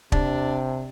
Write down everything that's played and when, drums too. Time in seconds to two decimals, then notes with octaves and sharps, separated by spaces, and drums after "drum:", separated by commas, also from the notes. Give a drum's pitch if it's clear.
0.12 C3 D4, drum: kick